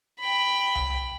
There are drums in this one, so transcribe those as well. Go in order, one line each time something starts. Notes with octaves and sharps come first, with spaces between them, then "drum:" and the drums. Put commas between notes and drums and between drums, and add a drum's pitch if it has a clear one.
G5 B5
drum: tom C2